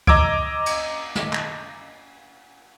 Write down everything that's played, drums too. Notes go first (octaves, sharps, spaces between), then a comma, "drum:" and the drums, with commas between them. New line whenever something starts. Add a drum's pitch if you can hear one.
D#5 A#5 D6 E6 G#6 D7, drum: kick C#2
drum: cymbal
drum: snare
drum: clap